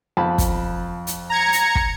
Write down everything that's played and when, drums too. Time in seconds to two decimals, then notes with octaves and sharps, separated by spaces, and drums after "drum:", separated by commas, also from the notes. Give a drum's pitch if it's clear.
0.17 F2 A5 B5
0.38 drum: kick, hi-hat
1.07 drum: hi-hat
1.30 A#5 G#6 C#7
1.53 drum: hi-hat
1.75 drum: kick